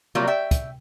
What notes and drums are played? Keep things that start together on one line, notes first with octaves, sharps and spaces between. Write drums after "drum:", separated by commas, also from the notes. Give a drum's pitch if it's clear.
C3 F#3 G3 A#3 F4
E5 G5
drum: kick, hi-hat